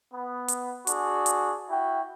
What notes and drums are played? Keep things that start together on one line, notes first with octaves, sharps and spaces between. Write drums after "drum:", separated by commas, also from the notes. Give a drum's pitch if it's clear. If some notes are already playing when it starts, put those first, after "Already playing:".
B3
drum: hi-hat
D4 F#4 G#4, drum: hi-hat
drum: hi-hat
E4 F#4 G5